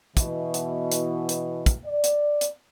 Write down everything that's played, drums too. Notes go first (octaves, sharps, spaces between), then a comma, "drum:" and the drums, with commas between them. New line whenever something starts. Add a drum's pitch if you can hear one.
B2 E3, drum: kick, hi-hat
drum: hi-hat
drum: hi-hat
drum: hi-hat
drum: kick, hi-hat
D5
drum: hi-hat
drum: hi-hat